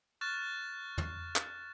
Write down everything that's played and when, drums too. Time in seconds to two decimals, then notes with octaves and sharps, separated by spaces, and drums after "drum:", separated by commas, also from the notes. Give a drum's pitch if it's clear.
0.21 C#6 F6 F#6 A6 E7
0.98 drum: tom
1.36 drum: clap